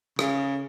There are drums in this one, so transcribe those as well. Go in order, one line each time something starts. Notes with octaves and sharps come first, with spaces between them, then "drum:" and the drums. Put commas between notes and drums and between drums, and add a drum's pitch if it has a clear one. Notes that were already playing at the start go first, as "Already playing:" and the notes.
C#3, drum: rim click